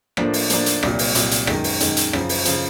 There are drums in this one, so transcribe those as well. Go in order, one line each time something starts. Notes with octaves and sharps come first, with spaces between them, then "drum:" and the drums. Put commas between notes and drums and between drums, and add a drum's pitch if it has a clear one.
A2 F3 A#3 D4, drum: rim click
drum: open hi-hat
A2 F3 A#3 D4, drum: hi-hat
drum: hi-hat
C2 A#2 F#3, drum: rim click
drum: open hi-hat
C2 A#2 F#3, drum: hi-hat
drum: hi-hat
F#2 D#3 G#3, drum: rim click
drum: open hi-hat
F#2 D#3 G#3, drum: hi-hat
drum: hi-hat
F#2 C#3 F3, drum: rim click
drum: open hi-hat
C#3 F3, drum: hi-hat